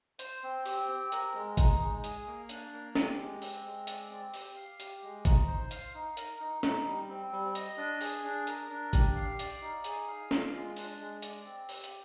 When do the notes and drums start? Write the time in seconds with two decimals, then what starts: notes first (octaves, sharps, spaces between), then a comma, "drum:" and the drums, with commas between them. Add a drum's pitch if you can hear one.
0.19 C5, drum: hi-hat
0.43 C4
0.66 G4, drum: open hi-hat
0.88 C4
1.12 A#4, drum: hi-hat
1.34 G#3
1.57 D#4, drum: kick G#1, hi-hat
1.81 G#3
2.04 G#4, drum: hi-hat
2.26 A#3
2.49 D4, drum: hi-hat
2.73 A#3
2.95 G4, drum: snare
3.19 G#3
3.42 C4, drum: open hi-hat
3.65 G#3
3.87 D5, drum: hi-hat
4.10 C4
4.34 G4, drum: open hi-hat
4.56 F5
4.80 G4, drum: hi-hat
5.03 G#3
5.25 D#4, drum: kick G#1, hi-hat
5.48 C5
5.71 F5, drum: hi-hat
5.94 D#4
6.17 A#4, drum: hi-hat
6.40 D#4
6.63 D#4, drum: snare
6.86 G3
7.09 C4
7.32 G3
7.55 D#5, drum: hi-hat
7.77 D4
8.01 G#4, drum: open hi-hat
8.24 D4
8.47 A#4, drum: hi-hat
8.70 D4
8.93 G4, drum: kick G#1, hi-hat
9.16 F5
9.39 D5, drum: hi-hat
9.61 D#4
9.84 G#4, drum: hi-hat
10.08 F5
10.31 F4, drum: snare
10.54 G#3
10.76 D4, drum: open hi-hat
10.99 G#3
11.22 D5, drum: hi-hat
11.45 C4
11.69 G4, drum: open hi-hat
11.84 drum: hi-hat